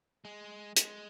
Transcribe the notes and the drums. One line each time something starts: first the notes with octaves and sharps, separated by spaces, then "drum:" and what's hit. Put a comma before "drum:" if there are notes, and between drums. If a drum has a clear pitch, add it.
G#3
G#3, drum: hi-hat